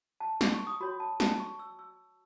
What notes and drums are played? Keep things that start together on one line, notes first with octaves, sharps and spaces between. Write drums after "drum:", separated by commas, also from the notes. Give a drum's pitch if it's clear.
A5
drum: snare
C#6
D#6
F#4 C#5 B5
A5
A5, drum: snare
C#6
E6
E6